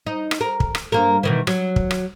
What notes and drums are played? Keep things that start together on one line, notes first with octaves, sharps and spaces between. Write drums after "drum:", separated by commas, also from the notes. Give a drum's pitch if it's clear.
D#4
drum: rim click
A#4
drum: kick
drum: rim click
G2 A#3 A#4
B2 D#3 E3
F#3, drum: rim click
drum: kick
drum: rim click